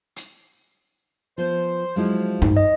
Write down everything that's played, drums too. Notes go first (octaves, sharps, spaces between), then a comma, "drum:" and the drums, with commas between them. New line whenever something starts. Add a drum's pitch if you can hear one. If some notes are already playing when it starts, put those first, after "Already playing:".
drum: hi-hat
F3 B3 C5
F3 F#3 G#3 E4
D#4, drum: tom G2
D#5